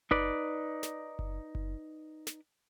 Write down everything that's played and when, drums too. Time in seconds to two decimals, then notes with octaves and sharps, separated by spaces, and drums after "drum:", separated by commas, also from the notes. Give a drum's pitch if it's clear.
0.11 D#4 B4 D5, drum: kick F#1
0.83 drum: snare
1.19 drum: kick F#1
1.55 drum: kick F#1
2.27 drum: snare